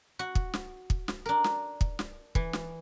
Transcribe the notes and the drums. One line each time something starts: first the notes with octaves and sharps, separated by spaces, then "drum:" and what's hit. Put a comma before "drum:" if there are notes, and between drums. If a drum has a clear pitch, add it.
F#4
drum: kick
drum: snare
drum: kick
drum: snare
D4 A#4
drum: snare
drum: kick
drum: snare
E3, drum: kick
drum: snare